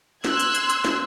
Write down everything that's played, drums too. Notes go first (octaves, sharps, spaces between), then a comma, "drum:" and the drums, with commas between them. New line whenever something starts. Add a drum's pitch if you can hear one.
C6 E6 F#6 G#6, drum: snare
drum: hi-hat
drum: hi-hat
drum: hi-hat
drum: snare